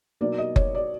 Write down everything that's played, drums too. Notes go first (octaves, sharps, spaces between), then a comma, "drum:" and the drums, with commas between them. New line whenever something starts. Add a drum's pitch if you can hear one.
B2 F#3 A#3 D#4 D5
D#5
C#5, drum: kick F#1
D5